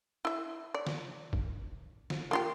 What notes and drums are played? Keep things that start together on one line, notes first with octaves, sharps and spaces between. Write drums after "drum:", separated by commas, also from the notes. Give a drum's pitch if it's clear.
E4 E5
D5
drum: snare
drum: kick
drum: snare
A#3 F4 G4